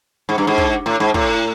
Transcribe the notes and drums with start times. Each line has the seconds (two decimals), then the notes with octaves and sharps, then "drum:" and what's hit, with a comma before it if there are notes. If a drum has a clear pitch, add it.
0.29 G#2
0.38 G2
0.47 G#2
0.58 drum: kick
0.86 A2
1.00 G#2
1.14 A2, drum: kick